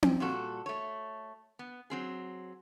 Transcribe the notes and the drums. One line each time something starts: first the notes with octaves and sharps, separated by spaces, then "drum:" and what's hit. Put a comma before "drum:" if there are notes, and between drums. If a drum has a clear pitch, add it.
drum: tom C4
A#2 G3 F#4 A4
A3 C#5
B3
F#3 C4 G#4